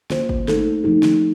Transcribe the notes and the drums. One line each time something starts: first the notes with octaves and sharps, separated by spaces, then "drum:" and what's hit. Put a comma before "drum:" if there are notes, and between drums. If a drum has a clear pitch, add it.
A#3 F4 C5, drum: snare
drum: kick G#1
A3 D#4 A4, drum: snare
F3 A3 D#4 G4
drum: snare